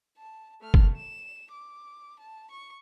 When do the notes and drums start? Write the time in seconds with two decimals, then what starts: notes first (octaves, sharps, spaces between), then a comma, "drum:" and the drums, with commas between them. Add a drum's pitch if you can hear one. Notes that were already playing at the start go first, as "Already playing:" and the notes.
0.18 A5
0.61 A3 F6
0.74 drum: kick F#1
0.96 E7
1.52 D6
2.19 A5
2.51 C#6